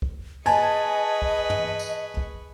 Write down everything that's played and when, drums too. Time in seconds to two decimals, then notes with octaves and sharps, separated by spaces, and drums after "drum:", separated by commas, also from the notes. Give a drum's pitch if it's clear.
0.02 drum: kick
0.46 G#4 B4 D#5 G#5 A5 C#6, drum: cymbal
1.22 drum: kick
1.50 drum: tom
1.79 drum: tambourine
2.17 drum: kick